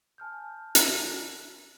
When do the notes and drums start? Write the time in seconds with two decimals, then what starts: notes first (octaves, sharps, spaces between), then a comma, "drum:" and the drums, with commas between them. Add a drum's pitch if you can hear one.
0.18 G#5 A5 F6 G6
0.75 drum: hi-hat